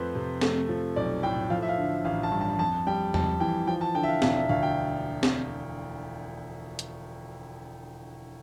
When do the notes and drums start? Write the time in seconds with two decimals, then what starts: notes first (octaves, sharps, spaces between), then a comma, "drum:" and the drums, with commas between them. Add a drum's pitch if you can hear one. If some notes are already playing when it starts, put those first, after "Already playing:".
Already playing: F2 F3 A3 F4 B4 C5
0.15 C3
0.41 A3, drum: snare
0.69 F3
0.96 B1 D5
1.23 A2 G5
1.50 F3 F5
1.62 E5
1.69 F5
1.78 D3
2.04 A1 F5
2.23 A5
2.31 G2
2.41 A5
2.59 F2 A5
2.87 G3 G5
3.14 F2 A5, drum: tom E2
3.40 E3 G5
3.67 F3 G5
3.81 A5
3.95 D3 G5
4.03 E5
4.08 F5
4.22 E1 F5, drum: snare
4.36 E5
4.49 D2 F5
4.63 G5
5.23 drum: snare
6.79 drum: hi-hat